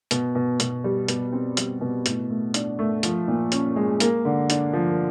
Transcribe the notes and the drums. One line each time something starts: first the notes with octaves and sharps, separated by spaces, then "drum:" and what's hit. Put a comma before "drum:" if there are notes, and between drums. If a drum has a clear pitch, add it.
B2, drum: hi-hat
B2
B2, drum: hi-hat
G3
B2, drum: hi-hat
C4
G3, drum: hi-hat
B2
A2, drum: hi-hat
A3
D4, drum: hi-hat
A3
F3, drum: hi-hat
A#2
C#4, drum: hi-hat
G#3
A#3, drum: hi-hat
D3
D4, drum: hi-hat
F3